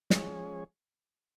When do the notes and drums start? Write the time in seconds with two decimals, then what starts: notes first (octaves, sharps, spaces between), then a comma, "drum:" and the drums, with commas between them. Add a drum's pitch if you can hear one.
0.10 F3 G#3 C#4 G#4 C#5, drum: snare